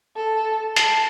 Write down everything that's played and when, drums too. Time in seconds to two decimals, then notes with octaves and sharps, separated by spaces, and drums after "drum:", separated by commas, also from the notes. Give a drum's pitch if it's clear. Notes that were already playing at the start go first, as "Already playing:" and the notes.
0.16 A4
0.76 A5, drum: hi-hat